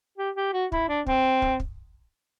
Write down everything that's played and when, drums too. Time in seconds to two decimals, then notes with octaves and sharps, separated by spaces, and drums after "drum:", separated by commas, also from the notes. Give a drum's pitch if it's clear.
0.18 G4
0.36 G4
0.53 F#4
0.72 E4, drum: kick
0.89 D4
1.06 C4, drum: kick
1.42 drum: kick
1.60 drum: kick